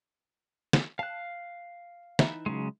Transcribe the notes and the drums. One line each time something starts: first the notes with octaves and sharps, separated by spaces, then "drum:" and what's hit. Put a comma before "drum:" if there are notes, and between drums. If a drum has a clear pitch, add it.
drum: snare
F5 A5 F#6
E3 D#4 E5, drum: snare
C#3 F#3 G#3